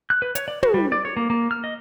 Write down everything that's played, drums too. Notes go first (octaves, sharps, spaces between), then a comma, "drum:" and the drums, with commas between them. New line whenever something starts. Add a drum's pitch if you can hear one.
F#6
B4
C#5, drum: hi-hat
D5
F#4, drum: tom
G3
D5
C#5
A#3
A#3
F6
D#5